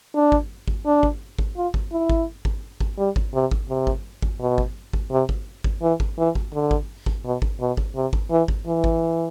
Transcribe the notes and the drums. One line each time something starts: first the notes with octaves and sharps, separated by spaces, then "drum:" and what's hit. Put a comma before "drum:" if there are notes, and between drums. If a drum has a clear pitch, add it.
D4
drum: kick G#1
drum: kick G#1
D4
drum: kick G#1
drum: kick G#1
F4
drum: kick G#1
E4
drum: kick G#1
drum: kick G#1
drum: kick G#1
G3
drum: kick G#1
C3
drum: kick G#1
C3
drum: kick G#1
drum: kick G#1
B2
drum: kick G#1
drum: kick G#1
C3
drum: kick G#1
drum: kick G#1
E3
drum: kick G#1
E3
drum: kick G#1
D3
drum: kick G#1
drum: kick G#1
B2
drum: kick G#1
B2
drum: kick G#1
C3
drum: kick G#1
E3
drum: kick G#1
E3
drum: kick G#1